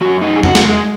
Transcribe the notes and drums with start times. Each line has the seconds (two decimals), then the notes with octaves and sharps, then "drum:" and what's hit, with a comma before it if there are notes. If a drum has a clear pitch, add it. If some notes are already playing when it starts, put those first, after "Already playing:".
0.01 F#2 D#3 F#4
0.21 D#4
0.36 G#4
0.43 F#4, drum: tom E2
0.55 drum: snare
0.65 G#3